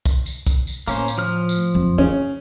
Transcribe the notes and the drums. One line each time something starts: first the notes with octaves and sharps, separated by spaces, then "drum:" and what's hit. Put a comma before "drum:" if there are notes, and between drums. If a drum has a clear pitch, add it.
drum: kick C2, tambourine
drum: tambourine
drum: kick C2, tambourine
drum: tambourine
A2 A#3 C#4 C5, drum: tambourine
drum: tambourine
F3 F6
drum: tambourine
F2 F#3
C#3 C#4 F4